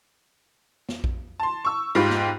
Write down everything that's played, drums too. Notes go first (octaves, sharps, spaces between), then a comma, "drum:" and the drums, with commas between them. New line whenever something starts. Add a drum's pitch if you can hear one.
drum: snare
drum: kick A#1
A5 C6
C#6 E6
G#2 F4 G4 G5 B5
drum: snare